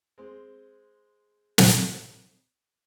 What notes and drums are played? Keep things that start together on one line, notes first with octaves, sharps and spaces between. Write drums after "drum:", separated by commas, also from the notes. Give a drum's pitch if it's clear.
G#3 C4
drum: snare